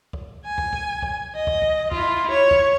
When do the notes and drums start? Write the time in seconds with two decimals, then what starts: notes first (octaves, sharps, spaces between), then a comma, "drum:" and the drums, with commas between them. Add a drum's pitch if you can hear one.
0.13 drum: kick
0.45 G#5
0.58 drum: kick
0.73 drum: kick
1.02 drum: kick
1.36 D#5
1.47 drum: kick
1.62 drum: kick
1.92 E4 F4, drum: kick
2.31 C#5
2.51 drum: kick